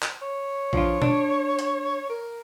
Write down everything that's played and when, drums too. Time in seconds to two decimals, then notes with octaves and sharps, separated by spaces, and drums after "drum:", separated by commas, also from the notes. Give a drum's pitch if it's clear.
0.03 drum: clap
0.22 C#5
0.73 F3 D4 F4, drum: kick A#1
1.02 D4, drum: tom
1.59 drum: hi-hat
2.10 A#4